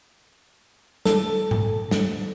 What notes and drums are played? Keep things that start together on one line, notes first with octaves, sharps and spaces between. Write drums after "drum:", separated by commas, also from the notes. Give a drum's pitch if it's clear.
A4, drum: snare
drum: tom G#2
drum: snare